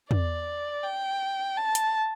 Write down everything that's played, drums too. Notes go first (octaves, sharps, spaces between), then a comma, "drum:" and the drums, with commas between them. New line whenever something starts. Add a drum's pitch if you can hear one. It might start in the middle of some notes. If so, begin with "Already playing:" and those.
D5, drum: tom
G5
A5
drum: hi-hat